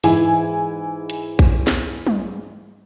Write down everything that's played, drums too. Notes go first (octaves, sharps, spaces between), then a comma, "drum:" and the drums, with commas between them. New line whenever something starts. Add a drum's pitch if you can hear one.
G#2 E3 E4 G#5, drum: open hi-hat
drum: hi-hat
drum: kick A#1
drum: snare
drum: tom